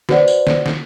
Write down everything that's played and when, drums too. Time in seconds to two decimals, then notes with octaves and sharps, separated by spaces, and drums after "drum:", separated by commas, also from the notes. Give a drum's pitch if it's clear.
0.09 F#4 B4 C5 D5 F#5, drum: snare
0.28 drum: tambourine
0.47 drum: snare
0.66 drum: snare